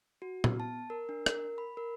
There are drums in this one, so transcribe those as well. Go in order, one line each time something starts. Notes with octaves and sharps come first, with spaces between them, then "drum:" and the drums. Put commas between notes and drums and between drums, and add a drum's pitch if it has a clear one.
F#4
B3, drum: tom A#2
A5
A#4
D4
A#4, drum: rim click
B5
A#4